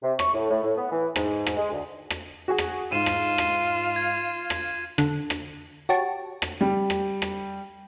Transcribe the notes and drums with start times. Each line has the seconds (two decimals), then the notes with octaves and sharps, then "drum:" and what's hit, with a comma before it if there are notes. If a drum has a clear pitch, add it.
0.02 C3
0.19 C#6, drum: rim click
0.34 A2
0.50 A2
0.63 A2
0.77 B3
0.91 E3
1.16 G#2, drum: rim click
1.47 drum: rim click
1.57 G#3
1.72 D2
2.10 drum: rim click
2.48 F#4 G#4
2.58 drum: rim click
2.92 G#2 F4 D#7 E7
3.06 drum: rim click
3.38 drum: rim click
3.96 G#6
4.50 drum: rim click
4.98 D3, drum: rim click
5.30 drum: rim click
5.89 F#4 G4 C#5 A5
6.42 drum: rim click
6.61 G3
6.90 drum: rim click
7.22 drum: rim click